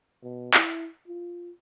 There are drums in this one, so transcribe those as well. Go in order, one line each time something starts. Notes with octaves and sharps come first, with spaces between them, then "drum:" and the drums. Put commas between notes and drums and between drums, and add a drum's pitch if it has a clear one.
B2
E4, drum: clap
F4